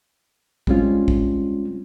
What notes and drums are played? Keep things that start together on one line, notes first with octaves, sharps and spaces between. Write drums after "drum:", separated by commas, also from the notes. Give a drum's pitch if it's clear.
G3 G#3 C4 C#4 F4, drum: kick
drum: kick